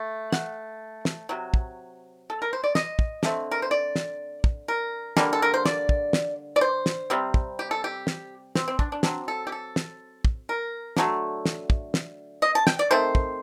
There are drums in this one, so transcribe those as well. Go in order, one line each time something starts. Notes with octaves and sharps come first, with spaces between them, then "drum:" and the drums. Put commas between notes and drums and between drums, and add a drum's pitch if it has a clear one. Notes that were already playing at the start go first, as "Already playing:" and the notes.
Already playing: A3
F#5, drum: snare
drum: snare
C3 F#3
drum: kick
A4
A#4
C5
D5
D#5, drum: snare
drum: kick
D3 A3 C4, drum: snare
A#4
C5
D5
drum: snare
drum: kick
A#4
D3 G3 A#3, drum: snare
A4
A#4
C5
D5, drum: snare
drum: kick
drum: snare
D5
C5
drum: snare
C3 G3 C4
drum: kick
G4
A4
G4
drum: snare
C4, drum: snare
C4
D4, drum: kick
D4
F#3 C4 D4, drum: snare
A4
G4
A4
drum: snare
drum: kick
A#4
D3 F#3 A3, drum: snare
drum: snare
drum: kick
drum: snare
D#5
A5
G5, drum: snare
D5
D#3 A3 C4 C5
drum: kick